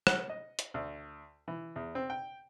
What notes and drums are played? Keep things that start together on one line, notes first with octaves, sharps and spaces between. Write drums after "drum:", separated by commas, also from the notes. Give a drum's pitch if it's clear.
F#5, drum: rim click
D#5
drum: hi-hat
D2
E3
E2
C4
G5